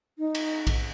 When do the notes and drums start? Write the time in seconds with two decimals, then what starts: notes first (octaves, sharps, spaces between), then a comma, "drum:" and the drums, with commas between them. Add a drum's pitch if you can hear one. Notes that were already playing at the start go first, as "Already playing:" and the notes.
0.19 D#4
0.35 drum: cymbal
0.67 drum: kick A#1, cymbal